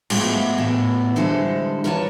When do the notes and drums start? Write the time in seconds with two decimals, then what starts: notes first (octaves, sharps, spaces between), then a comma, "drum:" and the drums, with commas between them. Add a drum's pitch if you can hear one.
0.10 F3 G#3 A3 B3 F#4, drum: cymbal
0.58 A2 E3 B3
1.16 D3 E3 G3 G#3 A4 C5
1.84 A#4 B4 C#5 D5 G5 A5